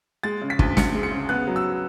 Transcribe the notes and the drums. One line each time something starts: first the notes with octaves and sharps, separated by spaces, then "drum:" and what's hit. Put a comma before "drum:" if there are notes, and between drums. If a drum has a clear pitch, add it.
G#3 A6
C#3
B6
D2, drum: kick
D2 C#7, drum: snare
G#3
C#7
C#3
B3 F#6
F#3
E6